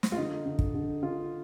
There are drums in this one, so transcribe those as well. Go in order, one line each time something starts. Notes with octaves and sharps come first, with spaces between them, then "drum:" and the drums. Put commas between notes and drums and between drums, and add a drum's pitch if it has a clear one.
drum: snare
F4
D3 D#4
D3
drum: kick
D3
D3 F4